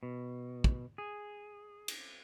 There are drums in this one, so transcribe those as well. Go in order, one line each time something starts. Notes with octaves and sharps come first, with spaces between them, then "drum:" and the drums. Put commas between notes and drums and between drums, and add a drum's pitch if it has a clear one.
B2
drum: kick
G#4
drum: cymbal